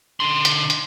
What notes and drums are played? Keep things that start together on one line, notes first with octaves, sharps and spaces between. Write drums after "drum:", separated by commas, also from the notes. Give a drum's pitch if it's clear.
D3 C6
drum: hi-hat
drum: hi-hat